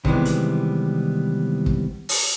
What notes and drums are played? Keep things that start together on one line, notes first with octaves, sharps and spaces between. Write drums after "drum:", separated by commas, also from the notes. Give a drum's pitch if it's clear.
C3 D#3 E3 G3 G#3 B3, drum: kick
drum: hi-hat
drum: kick
drum: open hi-hat